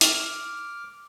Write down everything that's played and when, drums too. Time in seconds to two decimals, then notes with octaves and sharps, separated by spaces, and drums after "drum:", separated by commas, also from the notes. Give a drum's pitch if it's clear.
0.01 D6 F6, drum: hi-hat